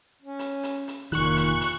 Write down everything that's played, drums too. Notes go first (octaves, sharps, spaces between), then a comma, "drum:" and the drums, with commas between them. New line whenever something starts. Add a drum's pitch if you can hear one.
C#4
drum: hi-hat
drum: hi-hat
drum: hi-hat
F1 A#2 D#3 C#6 F#6, drum: hi-hat
drum: hi-hat
drum: hi-hat